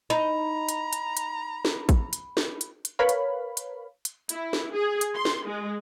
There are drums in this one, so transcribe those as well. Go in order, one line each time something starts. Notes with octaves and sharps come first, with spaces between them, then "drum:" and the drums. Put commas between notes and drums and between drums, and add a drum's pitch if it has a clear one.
D#4 A#5 B5
drum: hi-hat
drum: hi-hat
drum: hi-hat
drum: snare
drum: kick A1, hi-hat
drum: hi-hat
drum: snare
drum: hi-hat
drum: hi-hat
A#4 B4 C#5 F5 B5
drum: hi-hat
drum: hi-hat
drum: hi-hat
E4, drum: hi-hat
drum: snare
G#4
drum: hi-hat
C6
drum: snare
G#3